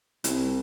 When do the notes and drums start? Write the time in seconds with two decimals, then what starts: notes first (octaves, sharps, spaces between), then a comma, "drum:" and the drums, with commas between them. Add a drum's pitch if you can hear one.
0.24 C2, drum: hi-hat